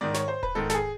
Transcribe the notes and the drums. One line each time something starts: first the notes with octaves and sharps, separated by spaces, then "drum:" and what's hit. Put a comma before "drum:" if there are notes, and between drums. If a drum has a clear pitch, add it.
G#2 D#3 D5
C#5, drum: snare
C5
B4, drum: kick D1
G#2 D#3 A4
A4, drum: snare
G#4